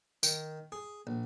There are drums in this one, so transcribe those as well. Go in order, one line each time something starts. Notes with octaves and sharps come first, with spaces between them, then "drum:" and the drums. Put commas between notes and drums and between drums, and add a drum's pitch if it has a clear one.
D#3, drum: tambourine
G#4
A#1